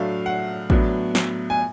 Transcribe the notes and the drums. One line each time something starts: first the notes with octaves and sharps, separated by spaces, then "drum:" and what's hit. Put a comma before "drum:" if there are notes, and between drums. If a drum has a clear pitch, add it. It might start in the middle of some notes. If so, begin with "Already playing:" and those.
Already playing: A2 F#3 A3 D4 F5
F#5
A2 F#3 B3 D4, drum: kick A1
drum: snare
G#5